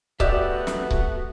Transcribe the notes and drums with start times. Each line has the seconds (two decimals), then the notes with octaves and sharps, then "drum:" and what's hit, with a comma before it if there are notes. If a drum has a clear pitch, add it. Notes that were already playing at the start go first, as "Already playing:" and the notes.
0.20 A3 B3 F#4 G4 D5 E5, drum: kick C#1
0.67 drum: snare
0.91 drum: kick C#1